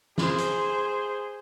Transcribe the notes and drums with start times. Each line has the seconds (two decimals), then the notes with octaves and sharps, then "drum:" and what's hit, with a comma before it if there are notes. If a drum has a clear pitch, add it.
0.18 G#4 C5, drum: snare
0.38 drum: hi-hat